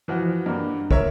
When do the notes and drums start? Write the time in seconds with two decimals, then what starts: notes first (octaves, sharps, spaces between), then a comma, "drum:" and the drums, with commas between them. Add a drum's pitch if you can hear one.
0.08 E3 F3 F#4
0.46 G2 A#3
0.91 A#4 C#5 E5, drum: kick